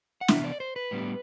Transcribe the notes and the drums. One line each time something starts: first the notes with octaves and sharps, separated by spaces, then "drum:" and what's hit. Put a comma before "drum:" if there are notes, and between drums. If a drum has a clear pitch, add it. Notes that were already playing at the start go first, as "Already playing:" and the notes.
F#5
C3 E3 B3 D4 E5, drum: snare
D5
C5
B4
A2 G3 B3 D4